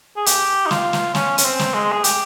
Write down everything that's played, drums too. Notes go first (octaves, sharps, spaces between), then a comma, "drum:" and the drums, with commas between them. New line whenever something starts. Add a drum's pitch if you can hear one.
G#4
G4, drum: hi-hat
D#4
F4, drum: snare
drum: snare
C#4, drum: snare
C#4, drum: hi-hat
C4
drum: snare
G#3
G#4
G4, drum: hi-hat